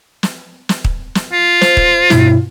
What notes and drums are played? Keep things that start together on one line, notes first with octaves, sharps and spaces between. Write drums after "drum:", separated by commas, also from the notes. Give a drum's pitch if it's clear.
drum: snare
drum: snare
drum: kick
drum: snare
F4
C5, drum: snare
drum: kick
G2 B2 E4, drum: snare